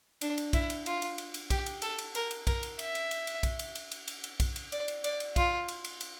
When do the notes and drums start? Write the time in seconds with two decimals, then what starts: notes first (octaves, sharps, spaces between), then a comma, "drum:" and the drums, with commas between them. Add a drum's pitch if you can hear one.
0.21 D4, drum: cymbal
0.38 drum: cymbal
0.53 E4, drum: kick B1, cymbal
0.70 drum: cymbal
0.86 F4, drum: cymbal
1.02 drum: cymbal
1.18 drum: cymbal
1.34 drum: cymbal
1.50 G4, drum: kick B1, cymbal
1.66 drum: cymbal
1.82 A4, drum: cymbal
1.98 drum: cymbal
2.15 A#4, drum: cymbal
2.31 drum: cymbal
2.47 A#4, drum: kick B1, cymbal
2.63 drum: cymbal
2.79 E5, drum: cymbal
2.95 drum: cymbal
3.11 drum: cymbal
3.27 drum: cymbal
3.43 drum: kick B1, cymbal
3.59 drum: cymbal
3.75 drum: cymbal
3.91 drum: cymbal
4.08 drum: cymbal
4.24 drum: cymbal
4.40 drum: kick B1, cymbal
4.56 drum: cymbal
4.72 D5, drum: cymbal
4.88 drum: cymbal
5.04 D5, drum: cymbal
5.20 drum: cymbal
5.36 F4, drum: kick B1, cymbal
5.68 drum: cymbal
5.84 drum: cymbal
6.01 drum: cymbal